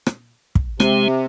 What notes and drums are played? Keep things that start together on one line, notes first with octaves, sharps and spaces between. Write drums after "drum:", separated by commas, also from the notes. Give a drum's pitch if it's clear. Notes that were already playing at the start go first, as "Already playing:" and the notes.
drum: rim click
drum: kick
C3 G#3 C4, drum: rim click